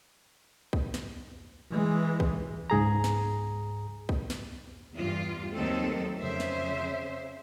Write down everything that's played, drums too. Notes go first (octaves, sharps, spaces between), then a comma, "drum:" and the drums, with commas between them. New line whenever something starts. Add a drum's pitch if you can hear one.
drum: kick B1
drum: snare
E3 G#3
drum: kick B1
C#2 G#2 G#4 A#5
drum: snare
drum: kick B1
drum: snare
E2 G2 F4
D#2 D#3 F#3 A3 C4 A4
F2 C#3 C5 E5
drum: snare